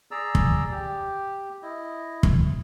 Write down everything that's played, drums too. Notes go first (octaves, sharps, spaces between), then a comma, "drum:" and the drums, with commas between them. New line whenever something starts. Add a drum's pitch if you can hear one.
G#4 D5 A#5 E6
drum: kick
G4
E4 D#5
drum: kick